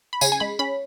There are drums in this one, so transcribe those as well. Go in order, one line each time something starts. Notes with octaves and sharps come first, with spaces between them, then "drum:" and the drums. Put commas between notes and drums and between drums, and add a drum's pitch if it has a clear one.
B5
C#3 G#5, drum: tambourine
G#5
G#3 B5
C#4 B5